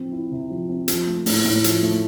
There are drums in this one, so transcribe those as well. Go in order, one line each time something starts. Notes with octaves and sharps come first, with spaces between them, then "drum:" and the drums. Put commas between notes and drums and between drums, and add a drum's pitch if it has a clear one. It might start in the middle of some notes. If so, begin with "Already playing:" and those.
Already playing: F3 C4
E4
C3
F3
C4
F3, drum: hi-hat
A3
A2, drum: open hi-hat
A2
F3, drum: hi-hat
A3